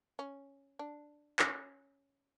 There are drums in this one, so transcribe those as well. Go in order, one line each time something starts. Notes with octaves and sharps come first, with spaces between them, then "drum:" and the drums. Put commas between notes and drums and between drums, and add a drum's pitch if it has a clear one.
C#4
D4
C#4, drum: clap